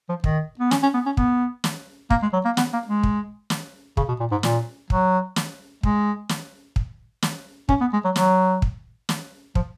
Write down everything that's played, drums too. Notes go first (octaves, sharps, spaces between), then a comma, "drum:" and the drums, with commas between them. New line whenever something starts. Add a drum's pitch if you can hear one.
F3
D#3, drum: kick
B3
C#4, drum: snare
C#4
B3
C#4
B3, drum: kick
drum: snare
A#3, drum: kick
G#3
F#3
A#3
B3, drum: snare
A#3
G#3
drum: kick
drum: snare
C#3, drum: kick
B2
A#2
G#2
A#2, drum: snare
F#3, drum: kick
drum: snare
G#3, drum: kick
drum: snare
drum: kick
drum: snare
C#4, drum: kick
B3
G#3
F#3
F#3, drum: snare
drum: kick
drum: snare
F3, drum: kick